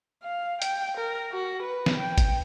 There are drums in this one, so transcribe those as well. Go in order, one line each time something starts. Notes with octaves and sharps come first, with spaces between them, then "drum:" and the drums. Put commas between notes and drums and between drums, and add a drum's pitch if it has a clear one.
F5
G5, drum: hi-hat
A#4
F#4
B4
drum: snare
G5
drum: kick G1, hi-hat